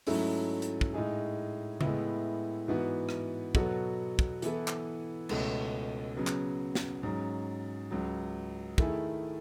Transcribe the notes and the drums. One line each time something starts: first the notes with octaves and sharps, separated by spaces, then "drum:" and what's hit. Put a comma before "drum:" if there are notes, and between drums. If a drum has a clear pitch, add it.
G#2 F#3 A3 C#4 E4, drum: open hi-hat
drum: hi-hat
drum: kick
A2 G#3 D#4 G#4
A2 G#3 B3 E4, drum: tom C#3
G#2 E3 B3 F#4
drum: rim click
B2 F#3 B3 F#4 A4, drum: kick
drum: kick
E3 B3 E4 A4, drum: hi-hat
drum: clap
C#2 B2 A3 C#4, drum: cymbal
C#3 F#3 B3
drum: clap
drum: snare
G#2 F#3 C#4
C#2 C#3 F#3
D#3 A3 E4 G#4, drum: kick